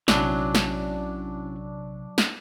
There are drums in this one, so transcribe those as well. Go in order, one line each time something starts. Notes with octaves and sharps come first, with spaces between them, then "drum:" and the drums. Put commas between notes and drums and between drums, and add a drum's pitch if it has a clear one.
A#1 C3 F#3 C#4 D4 E4, drum: snare
drum: snare
drum: snare